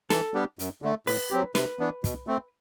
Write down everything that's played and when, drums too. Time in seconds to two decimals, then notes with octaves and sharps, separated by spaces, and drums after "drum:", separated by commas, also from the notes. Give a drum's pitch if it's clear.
0.10 E3 A4, drum: snare
0.34 G3 B3 D4 G4
0.59 F#2, drum: hi-hat
0.82 D3 A3
1.07 A2 B4, drum: open hi-hat
1.31 F#3 C4 G4
1.55 C3 B4, drum: snare
1.79 E3 B3 D4
2.04 B2, drum: kick, hi-hat
2.27 A3 C4